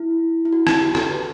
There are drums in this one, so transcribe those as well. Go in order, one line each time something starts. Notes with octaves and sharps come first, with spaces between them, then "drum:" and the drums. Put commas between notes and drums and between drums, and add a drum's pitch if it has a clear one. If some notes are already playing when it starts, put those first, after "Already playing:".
Already playing: E4
E4
F#4
F#4, drum: rim click
G4
A4, drum: rim click
B4